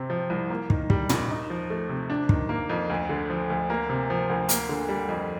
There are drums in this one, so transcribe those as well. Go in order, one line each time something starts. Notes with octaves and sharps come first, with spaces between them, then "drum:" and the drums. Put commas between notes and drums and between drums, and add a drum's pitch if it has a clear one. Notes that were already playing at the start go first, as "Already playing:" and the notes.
Already playing: C3 C4
F3
C2
A#3
D#3, drum: kick
G3, drum: kick
D#2, drum: tom
D#4
F3
A3
C3
D4
D#3, drum: kick
A#3
F2
D2
D3
F3
D2
A#3
C3
F3
D2
A#3, drum: hi-hat
D3
G3
F2